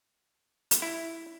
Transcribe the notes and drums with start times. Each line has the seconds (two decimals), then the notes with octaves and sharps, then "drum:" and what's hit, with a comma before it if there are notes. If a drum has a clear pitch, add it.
0.71 drum: hi-hat
0.82 E4